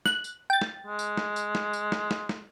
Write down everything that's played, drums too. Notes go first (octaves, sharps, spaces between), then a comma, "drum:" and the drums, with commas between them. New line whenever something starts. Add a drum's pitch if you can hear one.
F#6, drum: snare
drum: tambourine
G5 A6
drum: snare
G#3
drum: tambourine
drum: snare
drum: tambourine
drum: snare
drum: tambourine
drum: snare
drum: snare
drum: snare